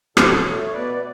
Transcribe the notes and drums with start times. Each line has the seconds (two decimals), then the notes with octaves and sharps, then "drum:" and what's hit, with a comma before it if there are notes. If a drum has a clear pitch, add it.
0.17 B2 A4 C#5, drum: rim click
0.45 A3
0.62 C#5
0.73 B2 B4 D5
0.94 D5